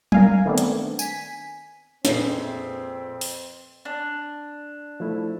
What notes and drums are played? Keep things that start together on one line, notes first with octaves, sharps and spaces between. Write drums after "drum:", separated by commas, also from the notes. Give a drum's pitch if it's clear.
A#4 F5 G#5, drum: tom F#3
D#3 A3 B3 C4 D4
drum: hi-hat
G#5 B6, drum: tambourine
F2 A#2 C4 G#4 B4 E5 C7, drum: snare
drum: open hi-hat
D4
F3 A3 E4